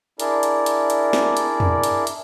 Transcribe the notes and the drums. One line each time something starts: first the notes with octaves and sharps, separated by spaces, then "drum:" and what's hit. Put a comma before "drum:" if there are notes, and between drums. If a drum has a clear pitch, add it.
D4 E4 G#4 A#4 D5, drum: hi-hat
drum: hi-hat
drum: hi-hat
drum: hi-hat
drum: snare
drum: hi-hat
drum: tom E2
drum: hi-hat
drum: hi-hat